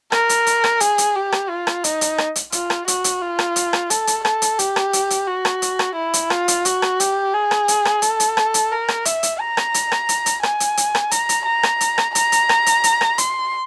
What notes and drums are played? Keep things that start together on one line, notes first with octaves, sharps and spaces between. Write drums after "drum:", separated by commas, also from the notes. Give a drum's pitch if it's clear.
A#4, drum: rim click
drum: hi-hat
drum: hi-hat
drum: rim click
G#4, drum: hi-hat
drum: hi-hat
G4
drum: rim click
F4
drum: rim click
D#4, drum: hi-hat
drum: hi-hat
drum: rim click
drum: hi-hat
F4, drum: hi-hat
drum: rim click
F#4, drum: hi-hat
drum: hi-hat
F4
drum: rim click
drum: hi-hat
drum: rim click
A4, drum: hi-hat
drum: hi-hat
A4, drum: rim click
drum: hi-hat
G4, drum: hi-hat
drum: rim click
drum: hi-hat
drum: hi-hat
F#4
drum: rim click
drum: hi-hat
drum: rim click
E4
drum: hi-hat
F4, drum: rim click
drum: hi-hat
F#4, drum: hi-hat
drum: rim click
G4, drum: hi-hat
G#4
drum: rim click
drum: hi-hat
drum: rim click
A4, drum: hi-hat
drum: hi-hat
drum: rim click
drum: hi-hat
A#4
drum: rim click
E5, drum: hi-hat
drum: hi-hat
A#5
drum: rim click
drum: hi-hat
drum: rim click
drum: hi-hat
drum: hi-hat
G#5, drum: rim click
drum: hi-hat
drum: hi-hat
drum: rim click
A#5, drum: hi-hat
drum: hi-hat
A#5
drum: rim click
drum: hi-hat
drum: rim click
A#5, drum: hi-hat
drum: hi-hat
drum: rim click
drum: hi-hat
drum: hi-hat
drum: rim click
C6, drum: hi-hat